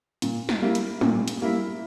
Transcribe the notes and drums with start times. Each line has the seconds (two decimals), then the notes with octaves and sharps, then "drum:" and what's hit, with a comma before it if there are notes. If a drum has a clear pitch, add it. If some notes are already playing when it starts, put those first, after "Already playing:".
0.22 A#2, drum: hi-hat
0.49 drum: snare
0.62 G3 A#3 E4
0.75 drum: hi-hat
1.01 A#2, drum: tom
1.28 drum: hi-hat
1.41 G3 A#3 E4